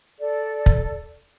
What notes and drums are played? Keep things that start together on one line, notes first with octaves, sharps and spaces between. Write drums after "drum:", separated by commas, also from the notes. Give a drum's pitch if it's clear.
A4 D5
drum: kick